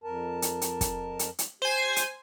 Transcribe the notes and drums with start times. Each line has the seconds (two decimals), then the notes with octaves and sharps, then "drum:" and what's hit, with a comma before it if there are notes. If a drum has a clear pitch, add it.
0.04 F2 A#4 A5
0.42 drum: hi-hat
0.62 drum: hi-hat
0.81 drum: kick, hi-hat
1.19 drum: hi-hat
1.39 drum: hi-hat
1.62 G4 C5 G#5
1.96 drum: hi-hat